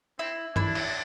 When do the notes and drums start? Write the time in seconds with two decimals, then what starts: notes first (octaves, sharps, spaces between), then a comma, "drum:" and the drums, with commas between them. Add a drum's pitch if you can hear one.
0.19 C4 E4
0.56 D4 E4, drum: tom
0.75 drum: cymbal